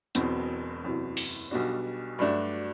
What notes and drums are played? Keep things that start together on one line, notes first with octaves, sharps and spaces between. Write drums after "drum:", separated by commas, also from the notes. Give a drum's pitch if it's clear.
E1 E2 B2 F#3 C4, drum: hi-hat
F#1 E2 C3 F#3
drum: open hi-hat
B1 B2 G3 D4 F#4
G2 F#3 A3 D4 F#4